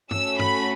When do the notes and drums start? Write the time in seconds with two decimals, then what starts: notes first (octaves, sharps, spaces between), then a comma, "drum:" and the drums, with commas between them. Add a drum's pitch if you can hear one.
0.11 A3 C#4 F#4 A4 E6, drum: tom G2
0.39 B5, drum: tom G2